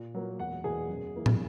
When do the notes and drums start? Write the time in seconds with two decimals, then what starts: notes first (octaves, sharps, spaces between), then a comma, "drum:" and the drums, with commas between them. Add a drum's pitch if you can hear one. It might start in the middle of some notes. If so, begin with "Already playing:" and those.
Already playing: A#2
0.14 F#3 A#3
0.39 E1 F#5
0.64 E2 B2 A#3 G#4
0.89 F#2
1.15 E3 A#3 E4
1.26 drum: tom